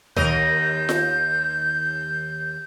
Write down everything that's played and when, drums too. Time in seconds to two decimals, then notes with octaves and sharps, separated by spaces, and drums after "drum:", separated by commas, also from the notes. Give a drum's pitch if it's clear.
0.16 D#2 A#4 D#5 G6, drum: tom D2
0.89 drum: snare F4